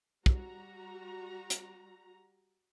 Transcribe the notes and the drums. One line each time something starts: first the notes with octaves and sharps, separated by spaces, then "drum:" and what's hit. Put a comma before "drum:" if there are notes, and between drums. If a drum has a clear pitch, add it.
G3 F#4 A#5, drum: kick
drum: hi-hat